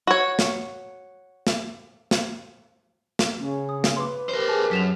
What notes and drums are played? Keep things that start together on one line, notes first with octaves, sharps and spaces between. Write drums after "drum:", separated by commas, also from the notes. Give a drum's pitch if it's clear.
F#4 C#5
drum: snare
drum: snare
drum: snare
drum: snare
C#3 C#4
D#6
drum: snare
B4 C6 D6
G4 A#4 C5
G#4 G#5 A5
F#2 B6 E7 F7